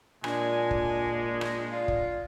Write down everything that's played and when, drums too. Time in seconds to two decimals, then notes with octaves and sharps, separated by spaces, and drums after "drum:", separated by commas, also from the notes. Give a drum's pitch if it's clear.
0.24 A#2 G#3 D4 G#5, drum: rim click
0.71 drum: kick
1.41 drum: rim click
1.72 F4 D5
1.88 drum: kick